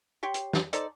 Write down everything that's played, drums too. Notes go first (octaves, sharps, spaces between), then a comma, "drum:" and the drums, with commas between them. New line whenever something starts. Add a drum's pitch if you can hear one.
G4 C#5 G5 C6
drum: hi-hat
drum: snare
D#4 A4 C5 D5, drum: hi-hat